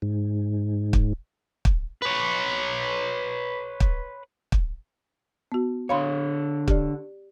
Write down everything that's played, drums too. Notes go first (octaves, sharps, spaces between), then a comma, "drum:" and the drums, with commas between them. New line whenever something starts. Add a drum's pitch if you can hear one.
G#2
drum: kick
drum: kick
B4 C#5
drum: kick
drum: kick
B3 F#4
D3 C#5 F5 B5 C6
G4 D5, drum: kick